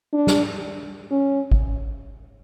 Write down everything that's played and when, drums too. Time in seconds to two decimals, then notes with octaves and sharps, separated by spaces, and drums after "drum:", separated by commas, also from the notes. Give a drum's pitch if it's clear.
0.13 D4
0.27 drum: snare
1.11 C#4
1.52 drum: kick